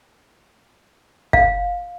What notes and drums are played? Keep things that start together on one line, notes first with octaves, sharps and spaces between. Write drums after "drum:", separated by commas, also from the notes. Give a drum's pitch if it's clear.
F5, drum: kick